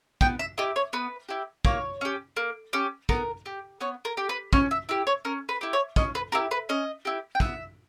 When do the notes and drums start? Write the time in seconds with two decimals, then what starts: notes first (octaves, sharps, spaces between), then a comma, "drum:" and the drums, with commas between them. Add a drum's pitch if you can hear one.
0.21 B3 G5, drum: kick
0.39 E5
0.58 E4 G4 D#5
0.76 C#5
0.93 B3 B4
1.29 E4 G4
1.65 A#3 C#5, drum: kick
2.01 C#4 G4
2.37 A#3
2.73 C#4 G4
3.09 B3 A#4, drum: kick
3.46 G4
3.81 B3 C#5
4.05 A#4
4.17 G4
4.29 B4
4.53 C#4 C#5, drum: kick
4.71 E5
4.89 E4 G4
5.07 C#5
5.25 C#4 A#4
5.49 B4
5.61 E4 G4
5.73 C#5
5.96 C#4 D#5, drum: kick
6.15 B4
6.32 E4 G4 A#4
6.51 B4
6.69 C#4 D#5
7.05 E4 G4
7.35 G5
7.40 B3 E5, drum: kick